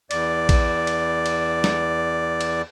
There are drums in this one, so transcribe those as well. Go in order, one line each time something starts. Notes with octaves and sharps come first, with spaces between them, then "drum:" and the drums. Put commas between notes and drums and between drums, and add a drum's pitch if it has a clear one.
E2 D5, drum: cymbal
drum: kick, cymbal
drum: cymbal
drum: cymbal
drum: snare
drum: cymbal